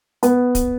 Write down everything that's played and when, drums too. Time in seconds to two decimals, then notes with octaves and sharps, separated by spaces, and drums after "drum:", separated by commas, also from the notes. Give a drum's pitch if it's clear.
0.23 B3, drum: hi-hat
0.55 drum: kick, hi-hat